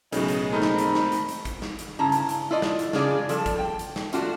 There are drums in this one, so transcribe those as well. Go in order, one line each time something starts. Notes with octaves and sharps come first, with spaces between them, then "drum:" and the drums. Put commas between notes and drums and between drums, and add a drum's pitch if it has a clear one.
B1 A2 C#3 G#3, drum: hi-hat
drum: hi-hat
A3 C4 D#4 A#4 B5
drum: snare
drum: hi-hat
drum: snare
drum: hi-hat
drum: hi-hat
drum: kick, hi-hat
drum: snare
drum: hi-hat
G2 C#3 E4 A5 A#5
drum: hi-hat
drum: hi-hat
E4 F4 D5 D#5
drum: snare
drum: hi-hat
C#3 G#3 D4 F4 G#4 D5, drum: snare
F3 G3 A4, drum: hi-hat
drum: kick, hi-hat
G5
drum: hi-hat
drum: snare
A3 D4 F4 F#4, drum: hi-hat